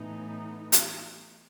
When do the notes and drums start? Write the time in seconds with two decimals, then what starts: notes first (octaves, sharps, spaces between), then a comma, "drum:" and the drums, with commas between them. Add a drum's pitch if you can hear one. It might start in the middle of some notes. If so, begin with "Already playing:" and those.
Already playing: A2 E3 B3 D#4
0.72 drum: hi-hat